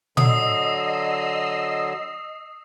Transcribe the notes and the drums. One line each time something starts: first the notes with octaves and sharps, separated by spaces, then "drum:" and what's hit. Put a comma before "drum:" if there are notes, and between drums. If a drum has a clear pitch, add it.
D3 F#3 D#5 D#6 E6 C7, drum: tom A#2